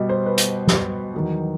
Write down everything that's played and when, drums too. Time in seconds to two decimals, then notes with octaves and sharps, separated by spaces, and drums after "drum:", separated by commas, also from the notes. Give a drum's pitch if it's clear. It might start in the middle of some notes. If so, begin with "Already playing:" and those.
Already playing: B2 G3 D#5
0.09 C5
0.26 B4
0.38 drum: hi-hat
0.67 drum: snare
1.14 E2 D#3 F#3